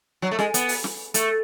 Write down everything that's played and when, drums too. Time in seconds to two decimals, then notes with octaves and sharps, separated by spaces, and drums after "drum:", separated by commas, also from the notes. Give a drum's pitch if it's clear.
0.22 F#3
0.31 A3
0.39 G#3, drum: snare
0.54 B3, drum: hi-hat
0.69 drum: open hi-hat
0.84 drum: snare
1.14 A3, drum: hi-hat